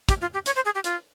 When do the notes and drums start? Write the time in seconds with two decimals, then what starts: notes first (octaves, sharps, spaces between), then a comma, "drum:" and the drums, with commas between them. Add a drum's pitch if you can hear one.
0.09 G4, drum: kick, hi-hat
0.21 F4
0.34 G4
0.46 C#5, drum: hi-hat
0.56 C5
0.65 G#4
0.75 G4
0.84 F4, drum: hi-hat